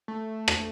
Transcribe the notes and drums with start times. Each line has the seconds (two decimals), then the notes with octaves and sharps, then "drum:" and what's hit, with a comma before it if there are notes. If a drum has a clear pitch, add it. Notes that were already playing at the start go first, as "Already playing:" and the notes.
0.08 A3
0.48 drum: rim click